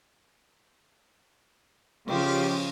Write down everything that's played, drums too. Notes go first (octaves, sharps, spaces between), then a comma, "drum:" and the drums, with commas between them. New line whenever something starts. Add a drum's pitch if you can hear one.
C#3 F3 F4 G4, drum: cymbal